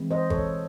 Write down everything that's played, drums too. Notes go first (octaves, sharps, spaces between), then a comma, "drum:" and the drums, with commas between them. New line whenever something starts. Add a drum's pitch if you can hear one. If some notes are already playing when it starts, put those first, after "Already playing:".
Already playing: E3 G#3 C4 E4
C5 D#5
A4 C#5, drum: kick